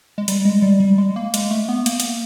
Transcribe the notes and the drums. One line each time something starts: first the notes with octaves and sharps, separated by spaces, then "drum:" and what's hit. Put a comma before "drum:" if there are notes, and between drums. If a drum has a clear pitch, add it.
G#3
G3, drum: hi-hat
G#3
G3
G3
G#3
A#3
G#3, drum: hi-hat
A3
B3
A#3, drum: hi-hat
drum: hi-hat